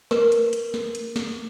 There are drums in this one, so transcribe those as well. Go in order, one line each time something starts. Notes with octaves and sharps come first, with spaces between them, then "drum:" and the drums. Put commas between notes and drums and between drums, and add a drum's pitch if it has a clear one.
A#4 B4, drum: snare
drum: hi-hat
drum: hi-hat
drum: snare
drum: hi-hat
drum: snare